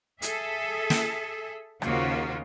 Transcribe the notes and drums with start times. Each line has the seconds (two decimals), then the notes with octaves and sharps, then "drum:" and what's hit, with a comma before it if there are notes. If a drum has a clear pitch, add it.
0.22 G#4 A4 E5, drum: hi-hat
0.90 drum: snare
1.82 D#2 C#3 A#3 F4 F#4 C5, drum: rim click